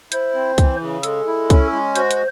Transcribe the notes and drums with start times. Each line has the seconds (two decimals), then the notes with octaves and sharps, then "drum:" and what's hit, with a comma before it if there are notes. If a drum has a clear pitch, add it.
0.12 E4 C5, drum: hi-hat
0.35 C4
0.58 E3, drum: kick, hi-hat
0.81 C#3
1.03 G#3 A4, drum: hi-hat
1.27 E4
1.50 C#4, drum: kick, hi-hat
1.72 G#3
1.96 F#4 C5, drum: hi-hat
2.11 drum: hi-hat